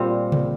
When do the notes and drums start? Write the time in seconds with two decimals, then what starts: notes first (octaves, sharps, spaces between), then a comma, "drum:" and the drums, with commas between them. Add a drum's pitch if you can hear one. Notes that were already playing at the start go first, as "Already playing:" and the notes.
Already playing: A#2 G3 C4
0.32 drum: tom C3